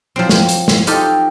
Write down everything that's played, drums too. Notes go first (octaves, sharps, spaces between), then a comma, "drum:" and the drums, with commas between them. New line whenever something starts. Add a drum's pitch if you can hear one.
F3 F#3 C4
drum: snare
drum: hi-hat
drum: snare
D#4 F4 G4 A4, drum: hi-hat